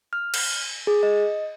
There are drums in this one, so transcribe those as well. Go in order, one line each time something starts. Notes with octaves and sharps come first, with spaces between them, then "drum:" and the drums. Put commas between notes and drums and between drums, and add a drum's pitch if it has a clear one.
F6
drum: cymbal
G#4
D#5